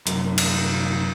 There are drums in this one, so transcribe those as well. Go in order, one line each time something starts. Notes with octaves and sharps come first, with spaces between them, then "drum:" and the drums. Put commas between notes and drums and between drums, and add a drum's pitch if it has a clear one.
C2 F#2, drum: hi-hat
drum: cymbal